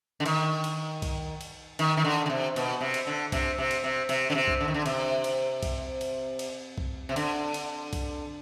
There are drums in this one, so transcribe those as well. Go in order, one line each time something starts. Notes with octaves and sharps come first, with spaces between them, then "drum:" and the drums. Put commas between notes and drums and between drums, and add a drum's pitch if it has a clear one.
D3
D#3, drum: cymbal
drum: cymbal
drum: kick, cymbal
drum: cymbal
D#3, drum: cymbal
D#3
D3
D3
C3
B2, drum: cymbal
C3
drum: cymbal
D3
C3, drum: kick, cymbal
C3
drum: cymbal
C3
C3, drum: cymbal
D3
C3
drum: kick
D3
D#3
D3
C3, drum: cymbal
drum: cymbal
drum: kick, cymbal
drum: cymbal
drum: cymbal
drum: kick
C3
D3, drum: cymbal
drum: cymbal
drum: kick, cymbal